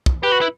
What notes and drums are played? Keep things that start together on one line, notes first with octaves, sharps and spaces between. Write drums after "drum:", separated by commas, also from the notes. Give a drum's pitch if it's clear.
drum: kick
G4 B4
F#4
E4